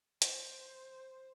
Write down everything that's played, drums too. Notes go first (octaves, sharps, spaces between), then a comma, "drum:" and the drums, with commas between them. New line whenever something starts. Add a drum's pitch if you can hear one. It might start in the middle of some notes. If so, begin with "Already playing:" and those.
C5, drum: hi-hat